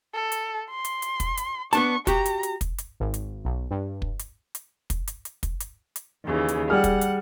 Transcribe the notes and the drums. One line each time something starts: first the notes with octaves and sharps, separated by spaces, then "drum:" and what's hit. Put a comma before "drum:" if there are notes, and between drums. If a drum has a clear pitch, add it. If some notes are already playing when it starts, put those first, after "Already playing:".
A4
drum: hi-hat
C6
drum: hi-hat
drum: hi-hat
drum: kick, hi-hat
drum: hi-hat
B3 D4 A5 C#6, drum: hi-hat
F#4 G4 A#5, drum: kick, hi-hat
drum: hi-hat
drum: hi-hat
drum: kick, hi-hat
drum: hi-hat
G#1
drum: hi-hat
B1
G2
drum: kick
drum: hi-hat
drum: hi-hat
drum: kick, hi-hat
drum: hi-hat
drum: hi-hat
drum: kick, hi-hat
drum: hi-hat
drum: hi-hat
D#2 C#3 E3
drum: hi-hat
G3 G#4 F#5 F6
drum: kick, hi-hat
drum: hi-hat